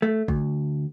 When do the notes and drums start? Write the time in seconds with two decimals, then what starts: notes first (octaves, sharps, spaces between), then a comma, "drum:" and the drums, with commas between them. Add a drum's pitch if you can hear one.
0.02 A3
0.28 D2, drum: kick A1